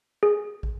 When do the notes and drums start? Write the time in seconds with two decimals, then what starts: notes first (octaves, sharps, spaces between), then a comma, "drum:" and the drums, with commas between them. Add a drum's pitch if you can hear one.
0.23 G#4
0.63 drum: kick